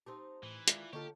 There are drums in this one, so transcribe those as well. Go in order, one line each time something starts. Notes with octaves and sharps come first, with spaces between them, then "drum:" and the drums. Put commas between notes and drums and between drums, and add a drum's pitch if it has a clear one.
C4 D#4 G4 A5
A2 E3
D#3 G#3 F4 D5 E5 F6, drum: hi-hat
D3 A#3 F4 G4 A4 C#5 D#5